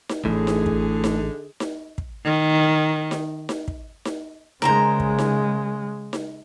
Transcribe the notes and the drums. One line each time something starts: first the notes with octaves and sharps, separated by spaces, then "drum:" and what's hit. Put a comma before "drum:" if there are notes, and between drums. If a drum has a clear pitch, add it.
drum: snare D#4
A1 A2 D3 G#4
drum: snare D#4
drum: kick
drum: snare D#4
drum: snare D#4
drum: kick
D#3
drum: snare D#4
drum: snare D#4
drum: kick
drum: snare D#4
C#3 G#3 A#4 C5 A#5, drum: snare D#4
drum: kick
drum: snare D#4
drum: snare D#4